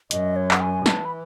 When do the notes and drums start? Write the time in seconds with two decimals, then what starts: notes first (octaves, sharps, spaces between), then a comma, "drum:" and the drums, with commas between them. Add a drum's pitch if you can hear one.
0.11 F#2 D#5, drum: hi-hat
0.36 C#5
0.51 F#5, drum: clap
0.61 G#5
0.86 E3 A5, drum: snare
1.05 B5